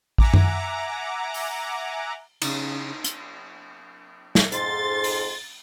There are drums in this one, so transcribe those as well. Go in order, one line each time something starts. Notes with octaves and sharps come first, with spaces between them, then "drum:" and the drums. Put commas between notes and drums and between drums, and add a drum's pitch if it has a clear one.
E5 F#5 G#5 A#5 D6, drum: kick A1
drum: tom F#2
drum: open hi-hat
C#3 D#4, drum: cymbal
drum: hi-hat
drum: snare
F2 G#2 C6 A6, drum: hi-hat
drum: open hi-hat